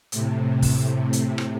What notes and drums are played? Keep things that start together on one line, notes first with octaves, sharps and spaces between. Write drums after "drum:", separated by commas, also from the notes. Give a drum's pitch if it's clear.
A2 C3, drum: hi-hat
drum: kick, open hi-hat
drum: hi-hat
drum: rim click